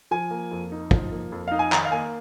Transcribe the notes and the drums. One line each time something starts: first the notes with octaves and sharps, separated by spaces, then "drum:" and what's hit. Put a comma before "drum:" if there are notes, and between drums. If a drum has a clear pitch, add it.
F3 G#5
A#3
F2
D#4
F3, drum: kick
A#3
F2
D#4 F5
G#5
D#3 A#5, drum: clap
F5
A#3 G#5